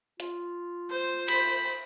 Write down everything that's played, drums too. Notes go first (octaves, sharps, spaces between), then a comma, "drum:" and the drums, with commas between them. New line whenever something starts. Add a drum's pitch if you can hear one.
F4, drum: hi-hat
C5
B5, drum: cymbal